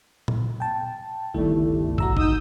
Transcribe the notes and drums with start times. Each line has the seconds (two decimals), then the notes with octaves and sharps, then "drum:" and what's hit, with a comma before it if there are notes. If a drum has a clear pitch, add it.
0.28 drum: tom A#2
0.60 G5 A5
1.34 G1 C#2 D#3 G3 A3 E4
1.98 F#4 A#5 E6, drum: kick
2.17 D#4 D#6 E6 G6, drum: kick